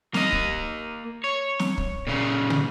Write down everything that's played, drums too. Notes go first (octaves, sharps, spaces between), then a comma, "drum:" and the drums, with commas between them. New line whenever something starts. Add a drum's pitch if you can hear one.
A#3 D#5, drum: snare
drum: kick
C#5
drum: snare
drum: kick
A#2 C#3
drum: tom